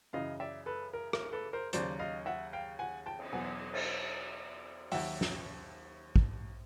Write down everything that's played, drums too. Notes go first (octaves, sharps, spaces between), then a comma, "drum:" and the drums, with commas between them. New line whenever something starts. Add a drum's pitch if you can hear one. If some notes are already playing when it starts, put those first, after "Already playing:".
F#2 C#3 E3 D#5 F5
D5 E5
A4 B4
A#4
A#4, drum: rim click
A4 B4
A#4 C5
D#2 C#3 F#3 C5 D5, drum: hi-hat
D#5 F5
E5 F#5
F5 G5
F#5 G#5
G5 A5
drum: cymbal
E2 B2 F#3 F#5 G#5
drum: cymbal
D#2 D#3 F#3 E5 F#5, drum: open hi-hat
drum: snare
drum: kick